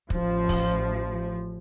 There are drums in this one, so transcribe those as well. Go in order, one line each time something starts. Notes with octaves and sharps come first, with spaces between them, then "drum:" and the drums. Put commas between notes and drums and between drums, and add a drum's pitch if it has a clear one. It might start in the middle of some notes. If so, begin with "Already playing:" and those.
A1 F3, drum: kick
drum: kick, open hi-hat